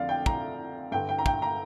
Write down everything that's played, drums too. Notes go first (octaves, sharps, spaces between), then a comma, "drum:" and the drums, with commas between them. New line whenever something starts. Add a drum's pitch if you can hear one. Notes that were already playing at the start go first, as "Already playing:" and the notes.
Already playing: F2 D3 D5 F5
G5
A#5, drum: kick
G2 D3 G5
G5
A#5
G5, drum: kick
A#5